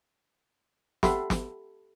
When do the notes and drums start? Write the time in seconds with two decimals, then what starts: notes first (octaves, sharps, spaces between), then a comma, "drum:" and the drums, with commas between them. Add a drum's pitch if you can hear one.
1.03 G4 A4 E5 F#5 B5 C6, drum: snare
1.30 drum: snare